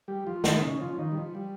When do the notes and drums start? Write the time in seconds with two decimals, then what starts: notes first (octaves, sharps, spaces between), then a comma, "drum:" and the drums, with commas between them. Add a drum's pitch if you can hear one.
0.08 G3 G4
0.27 F3 F4
0.44 D#3 D#4, drum: snare
0.62 C#3 C#4
0.73 D#4
0.81 F3 F4
0.93 C#4
0.99 D#3 D#4
1.12 G3
1.17 F3
1.35 G3